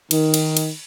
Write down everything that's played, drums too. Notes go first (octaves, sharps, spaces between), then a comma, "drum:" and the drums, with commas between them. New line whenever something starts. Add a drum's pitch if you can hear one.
D#3, drum: cymbal
drum: cymbal
drum: cymbal